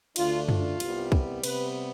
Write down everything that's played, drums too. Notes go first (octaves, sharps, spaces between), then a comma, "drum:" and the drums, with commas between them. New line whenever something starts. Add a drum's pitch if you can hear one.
D2 D3 A3 D4 F4, drum: cymbal
F4, drum: tom F#2
C2 C3 G3 B3, drum: cymbal
drum: kick
C3 G3 B3 B4, drum: cymbal